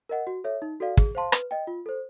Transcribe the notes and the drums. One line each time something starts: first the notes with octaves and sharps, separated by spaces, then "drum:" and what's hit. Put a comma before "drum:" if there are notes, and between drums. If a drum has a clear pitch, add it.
A#4 D#5 F#5
F#4
A4 C#5 E5
D#4
F#4 A4 D5 F5
G#4, drum: kick
C5 F5 A5 C6
B4, drum: rim click
D#5 G5
F4
A4 C5